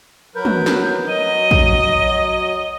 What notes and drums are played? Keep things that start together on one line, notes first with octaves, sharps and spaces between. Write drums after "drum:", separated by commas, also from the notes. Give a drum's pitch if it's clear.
F#3 A#4 B4 G6
drum: tom
drum: snare
F#3 D#5 D#7
drum: kick